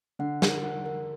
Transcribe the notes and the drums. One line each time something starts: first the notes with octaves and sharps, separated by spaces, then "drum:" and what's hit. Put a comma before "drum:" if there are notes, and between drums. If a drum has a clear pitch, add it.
D3 F#5
A#4, drum: snare
F#5
A#4